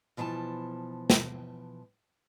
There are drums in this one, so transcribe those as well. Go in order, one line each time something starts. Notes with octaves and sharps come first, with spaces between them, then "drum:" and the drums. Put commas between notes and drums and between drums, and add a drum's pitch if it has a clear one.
B2 E3 F3 C#5 A5
drum: snare